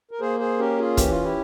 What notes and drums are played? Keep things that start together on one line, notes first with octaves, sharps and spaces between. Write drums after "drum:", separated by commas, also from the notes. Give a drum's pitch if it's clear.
A#4
A#3 G#4 C5
G#4 C5
C#4 G4 A#4
F4 G#4
E3 G4, drum: kick, hi-hat
F4
E4 G4